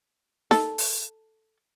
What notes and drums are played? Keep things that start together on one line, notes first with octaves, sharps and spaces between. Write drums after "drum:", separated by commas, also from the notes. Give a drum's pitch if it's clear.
A4, drum: snare D#4
drum: open hi-hat